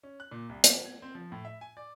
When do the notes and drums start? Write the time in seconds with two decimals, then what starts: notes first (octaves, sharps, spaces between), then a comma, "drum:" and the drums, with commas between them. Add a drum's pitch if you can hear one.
0.03 C#4
0.20 F#6
0.31 A#2
0.49 C2
0.64 A5, drum: hi-hat
0.86 G#6
1.02 C4
1.15 F3
1.32 A2
1.45 E5
1.61 G#5
1.77 D5